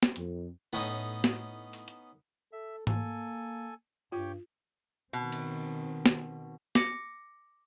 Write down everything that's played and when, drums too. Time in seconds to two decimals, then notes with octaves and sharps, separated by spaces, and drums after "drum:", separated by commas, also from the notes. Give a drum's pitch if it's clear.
0.03 drum: snare
0.16 F2, drum: hi-hat
0.73 A2 B3 C#4 D#4
1.24 drum: snare
1.73 drum: open hi-hat
1.88 drum: hi-hat
2.53 A4 E5
2.87 A#3 A4 G#5, drum: tom G#2
4.12 G2 F4 G4 C#5 G5
5.13 B2 D#3 C4
5.32 drum: cymbal
6.06 drum: snare
6.75 D6 A#6 C#7, drum: snare